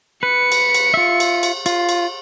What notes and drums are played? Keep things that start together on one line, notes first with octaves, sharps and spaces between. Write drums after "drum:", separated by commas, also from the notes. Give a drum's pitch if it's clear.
B4 C#7
drum: cymbal
drum: cymbal
F4 E5
drum: cymbal
drum: cymbal
F4, drum: cymbal
drum: cymbal